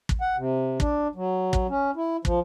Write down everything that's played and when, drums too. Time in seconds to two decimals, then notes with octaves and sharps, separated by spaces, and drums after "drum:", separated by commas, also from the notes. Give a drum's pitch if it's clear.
0.09 drum: kick
0.21 F#5
0.37 C3
0.80 D4, drum: kick
1.15 F#3
1.53 drum: kick
1.70 C#4
1.96 E4
2.25 F3, drum: kick